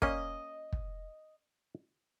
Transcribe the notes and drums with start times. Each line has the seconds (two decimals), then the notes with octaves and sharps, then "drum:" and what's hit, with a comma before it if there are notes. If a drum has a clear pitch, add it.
0.02 A#3 C#4 D#5, drum: kick
0.73 drum: kick